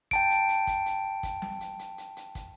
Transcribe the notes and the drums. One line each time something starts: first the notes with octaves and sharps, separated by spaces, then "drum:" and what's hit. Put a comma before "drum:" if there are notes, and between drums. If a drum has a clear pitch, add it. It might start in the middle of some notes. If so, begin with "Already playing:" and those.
G5 A5 D7, drum: kick, hi-hat
drum: hi-hat
drum: hi-hat
drum: kick, hi-hat
drum: hi-hat
drum: kick, hi-hat
drum: snare
drum: hi-hat
drum: hi-hat
drum: hi-hat
drum: hi-hat
drum: kick, hi-hat